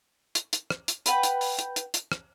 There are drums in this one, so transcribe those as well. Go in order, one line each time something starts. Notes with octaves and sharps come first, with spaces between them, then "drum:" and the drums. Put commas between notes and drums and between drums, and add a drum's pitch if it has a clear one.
drum: hi-hat
drum: hi-hat
drum: rim click
drum: hi-hat
B4 F#5 G5, drum: hi-hat
drum: hi-hat
drum: open hi-hat
drum: hi-hat
drum: hi-hat
drum: hi-hat
drum: rim click